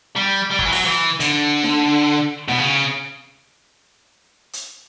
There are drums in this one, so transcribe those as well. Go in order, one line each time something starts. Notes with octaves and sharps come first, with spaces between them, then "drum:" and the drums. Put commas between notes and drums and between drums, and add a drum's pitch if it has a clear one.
G3
G3
F#3, drum: kick
E3
F#3, drum: open hi-hat
E3
D3, drum: hi-hat
drum: snare D#4
B2, drum: snare D#4
C#3
drum: hi-hat